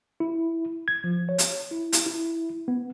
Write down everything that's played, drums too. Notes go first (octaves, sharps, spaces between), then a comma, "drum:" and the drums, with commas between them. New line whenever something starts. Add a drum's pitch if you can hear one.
E4
G#6
F3
C#5
drum: hi-hat
E4
drum: hi-hat
E4
B3